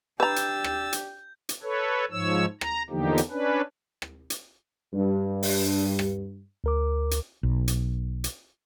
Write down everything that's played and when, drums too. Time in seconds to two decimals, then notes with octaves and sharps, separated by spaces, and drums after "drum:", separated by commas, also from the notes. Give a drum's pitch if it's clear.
0.20 D4 G4 B4 A#5 E6 G6 A6
0.36 drum: hi-hat
0.64 drum: rim click
0.93 drum: hi-hat
1.49 drum: hi-hat
1.63 A4 B4 C#5
2.11 G#2 F3 C#5 E6
2.61 A#5, drum: rim click
2.90 E2 D3 F3 A#3 D#4 G4
3.18 drum: hi-hat
3.31 C#4 D4 B4
4.02 drum: rim click
4.30 drum: hi-hat
4.93 G2
5.43 drum: open hi-hat
5.99 drum: rim click
6.64 D2 A#4 D6
7.11 drum: hi-hat
7.43 B1
7.68 drum: hi-hat
8.24 drum: hi-hat